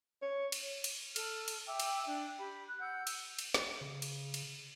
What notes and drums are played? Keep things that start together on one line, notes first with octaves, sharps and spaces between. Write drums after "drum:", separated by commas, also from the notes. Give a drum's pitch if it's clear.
C#5
drum: cymbal
drum: cymbal
A4 F6, drum: cymbal
drum: cymbal
E5 G5 D6 E6
drum: cymbal
D4 G5
G4 B5
F#6
F#5 E6 G6
drum: cymbal
drum: cymbal
drum: snare
C#3
drum: cymbal
drum: cymbal